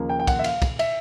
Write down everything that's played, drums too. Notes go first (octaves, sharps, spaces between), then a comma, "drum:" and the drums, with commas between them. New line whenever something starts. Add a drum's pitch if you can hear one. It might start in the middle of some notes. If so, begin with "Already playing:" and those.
Already playing: D#2 C#3 F3 A#3
G5
G5
F#5, drum: kick, cymbal
E5
F5, drum: cymbal
drum: kick, cymbal
E5, drum: cymbal